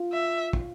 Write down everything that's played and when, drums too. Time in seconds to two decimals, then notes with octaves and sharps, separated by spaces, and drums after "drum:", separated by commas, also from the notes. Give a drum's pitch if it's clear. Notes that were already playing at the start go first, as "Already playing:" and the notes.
Already playing: F4
0.12 E5
0.53 drum: kick